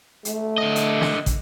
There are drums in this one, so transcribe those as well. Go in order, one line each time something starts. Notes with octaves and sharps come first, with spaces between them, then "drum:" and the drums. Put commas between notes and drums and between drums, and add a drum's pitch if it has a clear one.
A3, drum: hi-hat
D3 D#5
drum: hi-hat
drum: snare
drum: kick, hi-hat